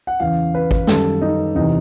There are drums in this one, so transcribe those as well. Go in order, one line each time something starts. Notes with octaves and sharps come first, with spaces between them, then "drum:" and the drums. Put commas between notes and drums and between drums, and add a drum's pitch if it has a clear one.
F#5
E2 C#3 E3 F5
B4
drum: kick G#1
F#2 D#3 G3 A4, drum: snare
D#4
E2 C3 E3 D#4